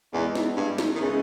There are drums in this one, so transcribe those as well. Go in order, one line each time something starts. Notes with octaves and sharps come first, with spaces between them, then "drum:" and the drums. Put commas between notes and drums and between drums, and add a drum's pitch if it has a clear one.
E2 G#3 B3 E4
drum: snare
G2
drum: snare
D#3
C#3 G#3 B3 E4